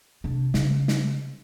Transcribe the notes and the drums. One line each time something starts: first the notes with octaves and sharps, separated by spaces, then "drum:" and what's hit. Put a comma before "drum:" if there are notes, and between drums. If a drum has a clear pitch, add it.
C3 D4
C#3, drum: snare
drum: snare